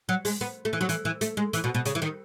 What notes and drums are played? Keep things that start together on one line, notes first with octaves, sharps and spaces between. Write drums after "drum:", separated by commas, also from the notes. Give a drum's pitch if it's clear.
F#3
G#3, drum: open hi-hat
B3
A3
E3
F#3
E3, drum: hi-hat
E3
A3, drum: hi-hat
G#3
E3, drum: hi-hat
B2
B2
C#3, drum: hi-hat
E3
D#3